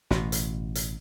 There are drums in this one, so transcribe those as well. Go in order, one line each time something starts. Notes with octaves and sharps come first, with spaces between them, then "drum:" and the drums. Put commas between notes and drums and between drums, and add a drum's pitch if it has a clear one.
A1 B2, drum: snare
drum: hi-hat
drum: hi-hat